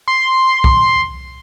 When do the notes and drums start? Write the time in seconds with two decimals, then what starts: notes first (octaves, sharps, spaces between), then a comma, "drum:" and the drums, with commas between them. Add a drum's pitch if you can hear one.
0.08 C6
0.64 drum: kick C2